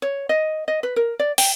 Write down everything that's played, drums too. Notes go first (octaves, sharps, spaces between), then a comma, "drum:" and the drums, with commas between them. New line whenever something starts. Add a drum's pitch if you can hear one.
C#5
D#5
D#5
B4
A#4
D5
G5, drum: open hi-hat